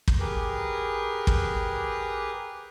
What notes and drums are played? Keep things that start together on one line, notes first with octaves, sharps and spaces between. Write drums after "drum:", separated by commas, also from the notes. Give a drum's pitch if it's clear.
drum: kick
G4 G#4 A#4 B4
drum: kick